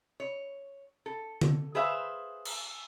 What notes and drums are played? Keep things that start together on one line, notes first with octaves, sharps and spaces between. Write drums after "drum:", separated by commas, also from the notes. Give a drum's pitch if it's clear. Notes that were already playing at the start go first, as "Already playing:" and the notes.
C#5
A4
drum: tom D3
G#4 B4 C5 E5 F5
drum: cymbal